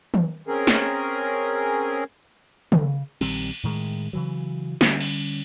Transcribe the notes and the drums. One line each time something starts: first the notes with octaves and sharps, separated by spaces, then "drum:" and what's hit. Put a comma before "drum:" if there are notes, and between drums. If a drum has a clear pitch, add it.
drum: tom D#3
C4 C#4 G#4 A#4
drum: snare
C#3, drum: tom
A#1 D#3 G3 C4, drum: cymbal
A2 D#3 G#3
C#3 E3 F#3
D3 G3 C#4, drum: snare
drum: cymbal